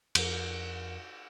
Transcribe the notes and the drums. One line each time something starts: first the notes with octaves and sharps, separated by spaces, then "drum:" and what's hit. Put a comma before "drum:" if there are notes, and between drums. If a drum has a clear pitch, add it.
F2 A#4, drum: cymbal